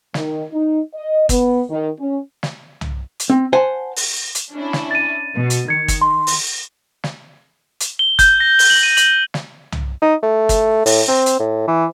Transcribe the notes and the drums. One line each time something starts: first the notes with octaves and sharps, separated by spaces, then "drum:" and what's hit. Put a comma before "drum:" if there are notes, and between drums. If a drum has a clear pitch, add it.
D#3, drum: snare
D#4
D#5
B3, drum: kick G1, hi-hat
D#3
C#4
drum: snare
drum: tom C2
drum: hi-hat
C4
C5 F#5 G#5 A5
drum: open hi-hat
drum: hi-hat
C#4 D4 E4
drum: snare
A6 D#7
B2
drum: hi-hat
D#3 G#6 C#7
drum: kick G1, hi-hat
C6
drum: open hi-hat
drum: snare
drum: hi-hat
G7
G6, drum: kick G1, hi-hat
A#6
G7, drum: open hi-hat
F#7
D#7
F#7, drum: hi-hat
drum: snare
drum: tom C2
D#4
A3
drum: kick G1, hi-hat
A2, drum: open hi-hat
C4
drum: hi-hat
A2
E3